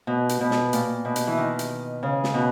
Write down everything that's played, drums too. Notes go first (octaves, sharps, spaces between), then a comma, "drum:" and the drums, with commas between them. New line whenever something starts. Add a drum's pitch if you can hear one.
B2
drum: hi-hat
B2
drum: snare
A#2, drum: hi-hat
B2
drum: hi-hat
E3
D#3
drum: hi-hat
C#3
drum: snare
B2